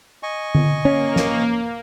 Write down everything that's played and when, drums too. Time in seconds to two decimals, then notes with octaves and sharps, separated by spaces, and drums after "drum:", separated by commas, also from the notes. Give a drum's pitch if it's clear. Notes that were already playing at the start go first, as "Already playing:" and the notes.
0.23 D#5 G#5 C#6
0.55 drum: tom D3
0.85 A#3 C#4
1.16 drum: snare